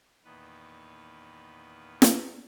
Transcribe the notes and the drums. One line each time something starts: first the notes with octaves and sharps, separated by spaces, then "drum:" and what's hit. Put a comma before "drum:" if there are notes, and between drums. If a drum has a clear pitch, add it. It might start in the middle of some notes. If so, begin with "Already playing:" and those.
E2 A#2 D#3 B3 B4
drum: snare